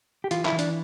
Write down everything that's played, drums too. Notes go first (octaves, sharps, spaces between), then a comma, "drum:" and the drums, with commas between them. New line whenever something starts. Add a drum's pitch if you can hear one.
G4
E3 F4, drum: hi-hat
E4, drum: clap
E3
D4, drum: hi-hat